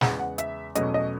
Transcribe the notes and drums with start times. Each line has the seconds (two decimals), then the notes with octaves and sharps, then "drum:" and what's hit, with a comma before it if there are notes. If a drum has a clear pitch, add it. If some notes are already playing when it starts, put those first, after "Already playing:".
0.01 E2 C#3 G#3 B3 F#5, drum: snare
0.19 F#5
0.38 E5, drum: hi-hat
0.75 E2 B2 F#3 A3 C#4 D#5, drum: hi-hat
0.94 D#5